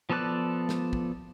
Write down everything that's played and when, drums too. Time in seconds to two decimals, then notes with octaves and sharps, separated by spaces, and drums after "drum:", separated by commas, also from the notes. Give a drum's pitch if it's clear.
0.10 F3 B3 A4 D5 F#6
0.69 drum: snare
0.93 drum: kick